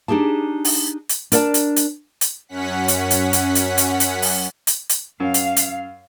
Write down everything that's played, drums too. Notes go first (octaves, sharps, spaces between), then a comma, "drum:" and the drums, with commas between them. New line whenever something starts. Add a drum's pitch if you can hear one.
D4 D#4 G4 G#4 A5
drum: open hi-hat
drum: hi-hat
D4 A#4 D5 F#5 A5, drum: hi-hat
drum: hi-hat
drum: hi-hat
drum: hi-hat
F#2 C#4 F#5 B6
drum: hi-hat
drum: hi-hat
drum: hi-hat
drum: hi-hat
drum: hi-hat
drum: hi-hat
drum: open hi-hat
drum: hi-hat
drum: hi-hat
F#2 F5
drum: hi-hat
drum: hi-hat